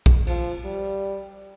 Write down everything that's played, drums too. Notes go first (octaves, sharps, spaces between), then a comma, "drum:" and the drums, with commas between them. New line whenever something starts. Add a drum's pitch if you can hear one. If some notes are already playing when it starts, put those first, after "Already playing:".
drum: kick
F3, drum: cymbal
G3